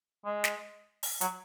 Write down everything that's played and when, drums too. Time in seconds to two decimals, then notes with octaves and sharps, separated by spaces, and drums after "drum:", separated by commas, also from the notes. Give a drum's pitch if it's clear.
0.25 G#3
0.44 drum: snare
1.03 drum: open hi-hat
1.21 F#3, drum: hi-hat